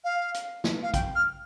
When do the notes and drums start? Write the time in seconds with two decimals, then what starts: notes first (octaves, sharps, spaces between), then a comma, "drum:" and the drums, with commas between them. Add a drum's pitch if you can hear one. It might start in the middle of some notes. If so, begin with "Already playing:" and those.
0.04 F5
0.34 drum: hi-hat
0.64 drum: snare
0.83 F5
0.94 G5, drum: kick, hi-hat
1.15 F6